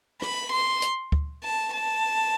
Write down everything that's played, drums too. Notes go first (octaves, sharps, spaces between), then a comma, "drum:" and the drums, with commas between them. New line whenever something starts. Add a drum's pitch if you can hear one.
B5, drum: rim click
C6
drum: hi-hat
drum: kick D2
A5
A5